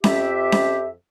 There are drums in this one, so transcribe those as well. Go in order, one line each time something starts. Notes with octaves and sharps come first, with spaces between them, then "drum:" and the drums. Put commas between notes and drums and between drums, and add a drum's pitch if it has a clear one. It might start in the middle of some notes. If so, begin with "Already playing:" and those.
F2 G4 E5, drum: snare C#4
drum: snare C#4